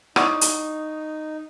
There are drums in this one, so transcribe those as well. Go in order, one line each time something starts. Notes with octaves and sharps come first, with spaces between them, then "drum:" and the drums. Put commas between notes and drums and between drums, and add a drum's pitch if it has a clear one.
D#4 E4 C#5 D5 F#5 C#6 D#6, drum: rim click
drum: hi-hat